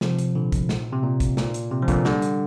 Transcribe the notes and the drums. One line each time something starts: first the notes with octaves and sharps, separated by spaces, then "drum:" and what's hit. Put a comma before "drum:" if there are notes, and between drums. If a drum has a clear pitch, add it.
C3 F3, drum: snare
drum: hi-hat
A#2 D3
drum: kick, hi-hat
A#2, drum: snare
C3
A#2
drum: kick, hi-hat
A#2, drum: snare
drum: hi-hat
C3
F3
A#2 D3, drum: kick, hi-hat
D3 G3, drum: snare
drum: hi-hat